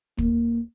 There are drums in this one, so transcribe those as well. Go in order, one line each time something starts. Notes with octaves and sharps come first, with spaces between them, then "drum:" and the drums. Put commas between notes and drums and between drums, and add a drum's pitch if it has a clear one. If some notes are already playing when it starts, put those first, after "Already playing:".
A#3, drum: kick